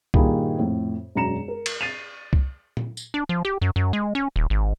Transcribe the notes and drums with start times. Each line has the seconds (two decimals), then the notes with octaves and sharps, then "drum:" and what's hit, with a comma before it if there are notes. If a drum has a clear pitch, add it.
0.14 G2 A#2 D#3 G#4 B5, drum: kick C2
0.58 F2 A2
1.15 E1 F#2 A#5 C#7 E7
1.48 A#4
1.66 drum: cymbal
1.81 A6 C7 D#7 F7
2.33 drum: kick C2
2.77 drum: tom
2.97 drum: tambourine
3.14 D4
3.29 F3
3.45 G4
3.62 F#2
3.76 F#2
3.93 G#3
4.15 C#4
4.36 D#1
4.50 G#1